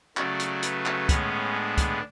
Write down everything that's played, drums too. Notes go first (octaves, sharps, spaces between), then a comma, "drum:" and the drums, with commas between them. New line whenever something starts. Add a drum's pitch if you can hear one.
C#3 F#3 A3 D5, drum: clap
drum: hi-hat
B4, drum: hi-hat
drum: clap
A2 G#3 B3 C#4, drum: kick, hi-hat
D4
drum: kick, hi-hat